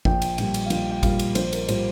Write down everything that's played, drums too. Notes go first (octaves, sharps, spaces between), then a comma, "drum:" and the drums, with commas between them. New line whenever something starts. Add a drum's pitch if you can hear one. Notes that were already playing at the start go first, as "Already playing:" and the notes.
A#1 G5, drum: kick G#1
drum: cymbal
A#2 G3 G5, drum: cymbal
drum: cymbal
F5
A#1 G5, drum: cymbal
G5
A#2 G3 F5, drum: kick G#1, cymbal
drum: cymbal
A#1 C5, drum: cymbal
A#4, drum: cymbal
A#2 G3 C5, drum: cymbal